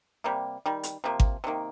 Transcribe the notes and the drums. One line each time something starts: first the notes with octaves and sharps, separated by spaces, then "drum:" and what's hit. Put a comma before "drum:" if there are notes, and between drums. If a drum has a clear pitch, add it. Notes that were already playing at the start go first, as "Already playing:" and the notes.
C3 G3 A#3
D#3 G3
drum: hi-hat
C3 F3 A#3
drum: kick G#1
C3 D#3 A#3